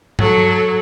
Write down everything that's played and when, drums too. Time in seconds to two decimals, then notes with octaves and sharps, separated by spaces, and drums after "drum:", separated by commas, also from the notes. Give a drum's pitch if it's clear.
0.19 F#3 A4, drum: tom G2